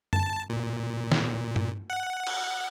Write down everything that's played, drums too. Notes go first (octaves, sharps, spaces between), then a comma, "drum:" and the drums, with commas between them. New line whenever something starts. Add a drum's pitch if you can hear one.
A5, drum: tom F#2
A#2
drum: snare
drum: tom G2
F#5
drum: cymbal